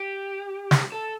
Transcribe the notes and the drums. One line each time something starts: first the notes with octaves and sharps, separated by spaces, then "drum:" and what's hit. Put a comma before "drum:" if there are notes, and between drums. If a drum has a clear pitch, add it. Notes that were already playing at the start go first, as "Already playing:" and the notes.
Already playing: G4
drum: snare
A4